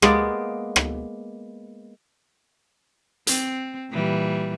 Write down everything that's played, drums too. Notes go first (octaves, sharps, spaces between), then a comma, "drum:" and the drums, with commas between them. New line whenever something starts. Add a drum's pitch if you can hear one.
G#3 A#3 B3 D5, drum: rim click
drum: rim click
C4, drum: hi-hat
A#2 E3 G3